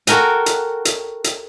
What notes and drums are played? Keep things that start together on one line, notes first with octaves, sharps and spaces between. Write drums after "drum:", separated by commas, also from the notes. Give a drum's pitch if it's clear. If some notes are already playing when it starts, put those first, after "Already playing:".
F#4 A4 A#4 G5 G#5, drum: hi-hat
drum: hi-hat
drum: hi-hat
drum: hi-hat